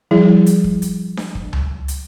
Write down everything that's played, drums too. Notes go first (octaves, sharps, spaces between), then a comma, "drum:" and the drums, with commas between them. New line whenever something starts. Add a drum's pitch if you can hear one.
F3 G3 E4 G#4
drum: hi-hat
drum: kick
drum: hi-hat
drum: snare D4
drum: kick
drum: tom C#2
drum: hi-hat